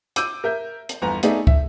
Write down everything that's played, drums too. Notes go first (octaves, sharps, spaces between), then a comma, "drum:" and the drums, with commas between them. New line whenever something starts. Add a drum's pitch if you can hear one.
D6 E6 G6 D#7, drum: hi-hat
A#4 E5 G6
drum: hi-hat
G1 E2 A#5
A3 B3 D#4 G#4 D5 E5, drum: hi-hat
E5, drum: kick